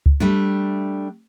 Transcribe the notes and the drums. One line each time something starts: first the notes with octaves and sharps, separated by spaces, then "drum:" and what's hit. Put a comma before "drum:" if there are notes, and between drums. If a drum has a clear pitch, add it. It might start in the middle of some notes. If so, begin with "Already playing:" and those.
drum: kick C#2
G3 A3 D4